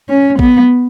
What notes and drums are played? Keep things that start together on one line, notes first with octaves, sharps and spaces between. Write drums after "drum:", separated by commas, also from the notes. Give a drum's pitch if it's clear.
C#4
B3, drum: kick